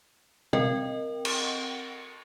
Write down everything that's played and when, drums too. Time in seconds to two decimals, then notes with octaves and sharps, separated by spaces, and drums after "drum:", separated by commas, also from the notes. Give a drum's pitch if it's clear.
0.53 C4 A#4 D#5 G5, drum: tom B2
1.25 drum: cymbal